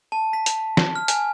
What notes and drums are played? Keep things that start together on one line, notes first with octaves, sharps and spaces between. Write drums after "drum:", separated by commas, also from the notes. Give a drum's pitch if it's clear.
A5
B6
drum: hi-hat
drum: snare
F6
G#5, drum: hi-hat